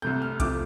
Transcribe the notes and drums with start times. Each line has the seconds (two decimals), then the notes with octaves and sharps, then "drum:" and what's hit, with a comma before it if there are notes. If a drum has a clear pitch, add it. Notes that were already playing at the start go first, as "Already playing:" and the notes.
0.02 C2 C3 A3 G6
0.22 F6
0.40 C3 F3 A3 D6, drum: kick B1, hi-hat